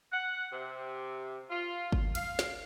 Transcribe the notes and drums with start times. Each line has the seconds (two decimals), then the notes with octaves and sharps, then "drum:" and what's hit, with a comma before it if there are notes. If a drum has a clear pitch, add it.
0.12 F#5
0.51 C3
1.50 F4
1.92 drum: kick G1
2.15 F5, drum: cymbal
2.39 drum: snare